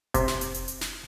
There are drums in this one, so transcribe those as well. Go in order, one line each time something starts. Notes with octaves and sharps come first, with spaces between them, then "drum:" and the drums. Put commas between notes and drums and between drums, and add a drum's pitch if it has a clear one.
C3, drum: kick F1, hi-hat
drum: snare
drum: hi-hat
drum: hi-hat
drum: hi-hat
drum: snare